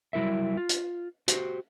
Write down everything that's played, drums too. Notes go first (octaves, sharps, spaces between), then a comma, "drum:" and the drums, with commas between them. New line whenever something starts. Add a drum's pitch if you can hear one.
F#3 G3 E4 A#4 E5
F4
drum: hi-hat
F#4 G4 C5, drum: hi-hat